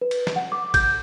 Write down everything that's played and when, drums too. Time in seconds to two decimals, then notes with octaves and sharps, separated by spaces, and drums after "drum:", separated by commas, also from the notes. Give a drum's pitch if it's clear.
0.01 B4
0.11 drum: cymbal
0.27 drum: snare
0.36 F#5
0.52 D6
0.74 G6, drum: kick G#1, cymbal